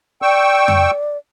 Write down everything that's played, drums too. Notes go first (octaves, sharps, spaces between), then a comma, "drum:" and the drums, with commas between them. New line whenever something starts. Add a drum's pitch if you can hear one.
D5 G5 C#6 E6
drum: tom F2